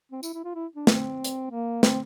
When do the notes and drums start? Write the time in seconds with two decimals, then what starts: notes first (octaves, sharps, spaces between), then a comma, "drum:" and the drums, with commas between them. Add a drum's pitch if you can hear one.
0.12 C4
0.23 E4, drum: tambourine
0.34 E4
0.44 F4
0.55 E4
0.76 D4
0.87 C4, drum: snare
1.24 drum: hi-hat
1.51 A#3
1.83 C4, drum: snare